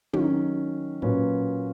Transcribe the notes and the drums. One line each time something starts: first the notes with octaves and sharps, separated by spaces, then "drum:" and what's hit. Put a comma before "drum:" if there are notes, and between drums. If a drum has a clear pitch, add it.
D#3 F#3 C#4, drum: tom
A#2 F#3 C#4 F#4 B4, drum: kick